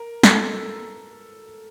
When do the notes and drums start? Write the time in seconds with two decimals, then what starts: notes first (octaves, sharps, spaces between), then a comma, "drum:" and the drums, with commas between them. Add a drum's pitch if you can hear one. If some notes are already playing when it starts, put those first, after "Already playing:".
Already playing: A#4
0.23 A4, drum: snare